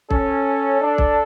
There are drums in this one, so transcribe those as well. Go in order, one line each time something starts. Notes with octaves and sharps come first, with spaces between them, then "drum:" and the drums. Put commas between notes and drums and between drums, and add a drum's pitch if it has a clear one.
C#4 A4, drum: kick
D4
drum: kick